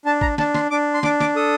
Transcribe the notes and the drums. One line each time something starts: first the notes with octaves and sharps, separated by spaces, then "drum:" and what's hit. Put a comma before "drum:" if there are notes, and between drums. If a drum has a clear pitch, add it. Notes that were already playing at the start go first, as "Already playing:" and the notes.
D4 A5
A#5, drum: kick
D4 A5, drum: snare
C6, drum: snare
D4 D6
C6
D4 D6, drum: snare
D6, drum: snare
A4 D#6